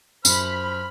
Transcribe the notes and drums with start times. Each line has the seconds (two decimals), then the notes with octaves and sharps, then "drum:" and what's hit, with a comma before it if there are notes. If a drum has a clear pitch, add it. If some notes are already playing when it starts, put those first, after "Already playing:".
0.25 F#2 C5 B5 F6, drum: tambourine